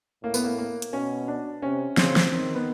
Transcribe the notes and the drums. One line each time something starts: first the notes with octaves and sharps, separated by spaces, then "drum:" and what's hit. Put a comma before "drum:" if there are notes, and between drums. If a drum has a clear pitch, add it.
A2 A#3
B3, drum: tambourine
A#3
A#3
drum: hi-hat
B2 C#4
D4
C3 C#4
C#3 C4, drum: snare
drum: snare
D#3 C4
B3